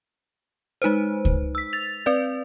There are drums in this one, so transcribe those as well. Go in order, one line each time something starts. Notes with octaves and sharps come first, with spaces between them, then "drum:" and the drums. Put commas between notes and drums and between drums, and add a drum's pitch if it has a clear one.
G#3 D#4 B4 C5
drum: kick C#2
E6 B6
A6 F7
C4 B4 D5